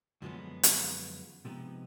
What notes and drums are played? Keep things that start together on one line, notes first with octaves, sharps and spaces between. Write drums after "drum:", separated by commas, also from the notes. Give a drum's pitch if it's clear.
F#2 D3 F3 G#3 B3
drum: hi-hat
C3 F3 G#3 B3 D#4